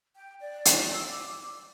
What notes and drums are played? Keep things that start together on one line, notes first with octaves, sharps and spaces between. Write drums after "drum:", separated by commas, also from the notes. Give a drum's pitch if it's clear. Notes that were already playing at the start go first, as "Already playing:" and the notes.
G5
D5
drum: hi-hat
E6
D6